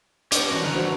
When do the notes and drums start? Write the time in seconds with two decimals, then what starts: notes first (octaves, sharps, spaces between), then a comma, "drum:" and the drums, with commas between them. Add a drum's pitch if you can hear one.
0.32 G#2 G3 B3 D4 G4 C#5 D5, drum: hi-hat
0.49 A1 F#2 C#4 F#4
0.64 D3 G3 B4 A#5
0.75 D4 F#4 C5